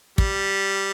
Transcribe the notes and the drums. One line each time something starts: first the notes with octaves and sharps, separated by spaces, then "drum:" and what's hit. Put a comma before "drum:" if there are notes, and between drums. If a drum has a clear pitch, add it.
G3, drum: kick